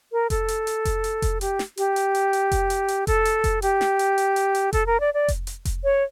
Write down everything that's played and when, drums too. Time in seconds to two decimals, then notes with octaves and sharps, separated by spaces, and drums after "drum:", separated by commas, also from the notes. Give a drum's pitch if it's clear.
0.12 A#4
0.30 A4, drum: kick F1, hi-hat
0.48 drum: hi-hat
0.67 drum: hi-hat
0.85 drum: kick F1, hi-hat
1.04 drum: hi-hat
1.22 drum: kick F1, hi-hat
1.41 G4, drum: hi-hat
1.59 drum: snare
1.77 G4, drum: hi-hat
1.96 drum: hi-hat
2.15 drum: hi-hat
2.33 drum: hi-hat
2.52 drum: kick F1, hi-hat
2.70 drum: hi-hat
2.88 drum: hi-hat
3.07 A4, drum: kick F1, hi-hat
3.25 drum: hi-hat
3.44 drum: kick F1, hi-hat
3.62 G4, drum: hi-hat
3.81 drum: snare
3.99 drum: hi-hat
4.18 drum: hi-hat
4.36 drum: hi-hat
4.55 drum: hi-hat
4.73 A4, drum: kick F1, hi-hat
4.86 A#4
5.00 D5
5.14 D5
5.28 drum: kick F1, hi-hat
5.47 drum: hi-hat
5.65 drum: kick F1, hi-hat
5.84 C#5